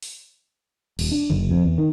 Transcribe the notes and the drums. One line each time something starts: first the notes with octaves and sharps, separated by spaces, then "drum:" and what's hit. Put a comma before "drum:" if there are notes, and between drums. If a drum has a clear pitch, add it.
drum: open hi-hat
D#1, drum: cymbal
D4
F#1, drum: tom C#3
F2
E2
D#3